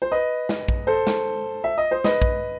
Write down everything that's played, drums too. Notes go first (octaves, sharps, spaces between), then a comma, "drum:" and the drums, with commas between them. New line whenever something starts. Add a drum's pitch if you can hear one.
C5
B4 D#5
drum: snare
drum: kick A#1
A4 C5
drum: snare
E5
D#5
C5
B4 D#5, drum: snare
drum: kick A#1